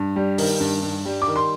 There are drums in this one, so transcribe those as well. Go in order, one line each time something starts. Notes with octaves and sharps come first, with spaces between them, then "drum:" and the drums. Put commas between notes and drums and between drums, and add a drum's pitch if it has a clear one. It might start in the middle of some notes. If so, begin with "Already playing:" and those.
Already playing: G2
G3
D#3, drum: open hi-hat
G2
G2
G3
D6
D#3
C6